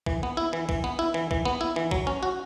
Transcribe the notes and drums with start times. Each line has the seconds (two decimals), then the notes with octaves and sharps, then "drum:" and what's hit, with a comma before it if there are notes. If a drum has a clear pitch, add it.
0.06 E3, drum: kick
0.23 B3
0.37 E4
0.53 E3
0.69 E3, drum: kick
0.84 B3
0.99 E4
1.14 E3
1.31 E3, drum: kick
1.45 B3
1.61 E4
1.76 E3
1.91 F#3, drum: kick
2.07 C#4
2.23 F#4